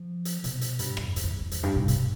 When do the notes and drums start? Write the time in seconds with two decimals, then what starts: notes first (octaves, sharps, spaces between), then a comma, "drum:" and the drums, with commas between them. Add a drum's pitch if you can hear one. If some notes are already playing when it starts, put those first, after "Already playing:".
Already playing: F3
0.25 drum: hi-hat
0.44 B2, drum: hi-hat
0.61 drum: hi-hat
0.79 G2, drum: hi-hat
0.97 F2, drum: rim click
1.16 F2, drum: hi-hat
1.24 E2
1.40 E2
1.51 E2, drum: hi-hat
1.63 G2
1.76 B2
1.88 B2, drum: hi-hat